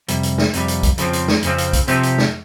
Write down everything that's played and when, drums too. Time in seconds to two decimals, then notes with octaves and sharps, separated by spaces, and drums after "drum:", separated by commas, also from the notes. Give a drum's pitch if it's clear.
0.08 F2 C3 G3, drum: hi-hat
0.23 drum: hi-hat
0.38 drum: snare
0.53 F2 C3 G3, drum: hi-hat
0.68 drum: hi-hat
0.83 drum: kick, hi-hat
0.98 F2 C#3 F3 C4, drum: hi-hat
1.13 drum: hi-hat
1.28 drum: snare
1.43 F2 C#3 F3 C4, drum: hi-hat
1.58 drum: hi-hat
1.73 drum: kick, hi-hat
1.88 C3 F3 C4 G4, drum: hi-hat
2.03 drum: hi-hat
2.18 drum: snare